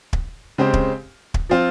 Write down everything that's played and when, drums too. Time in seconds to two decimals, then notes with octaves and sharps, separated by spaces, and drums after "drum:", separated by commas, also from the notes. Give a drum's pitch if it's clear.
0.13 drum: kick
0.58 C#3 G#3 C4 G4 C5
0.73 drum: kick
1.34 drum: kick
1.49 F3 C4 F4